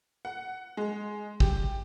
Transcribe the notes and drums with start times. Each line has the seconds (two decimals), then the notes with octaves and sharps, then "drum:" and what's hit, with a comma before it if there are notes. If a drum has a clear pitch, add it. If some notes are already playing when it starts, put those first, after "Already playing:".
0.25 F#5
0.77 G#3
1.40 G4, drum: kick